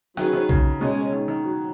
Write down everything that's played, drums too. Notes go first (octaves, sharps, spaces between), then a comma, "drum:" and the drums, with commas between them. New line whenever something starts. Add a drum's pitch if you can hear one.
D#3 F#3 C#4 G#4 B4, drum: rim click
D#3
C#3, drum: kick B1
B2 G#3 C#4 G#4
D#3
D#3
F#3